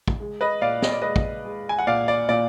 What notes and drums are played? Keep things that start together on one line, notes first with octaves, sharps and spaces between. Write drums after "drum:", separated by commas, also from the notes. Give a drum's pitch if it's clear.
drum: kick
G#3
B4 D#5
A#2 D5 F5
D#5, drum: snare
D5
G#3 B4 D#5
drum: kick
G#3
G#5
F#5
A#2 D5 F5
D5
A#2 D5